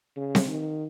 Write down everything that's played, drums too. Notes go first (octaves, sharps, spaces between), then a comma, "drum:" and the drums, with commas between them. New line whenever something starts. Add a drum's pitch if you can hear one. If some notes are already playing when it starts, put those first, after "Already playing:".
C#3
drum: snare C4
D#3